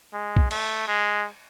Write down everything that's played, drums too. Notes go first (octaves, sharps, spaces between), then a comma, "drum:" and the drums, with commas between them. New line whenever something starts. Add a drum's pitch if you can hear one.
G#3
drum: kick B1
A3, drum: cymbal
G#3